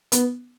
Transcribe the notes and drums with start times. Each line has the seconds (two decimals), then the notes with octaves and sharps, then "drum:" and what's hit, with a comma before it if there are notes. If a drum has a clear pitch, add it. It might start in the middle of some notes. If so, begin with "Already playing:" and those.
0.12 B3, drum: hi-hat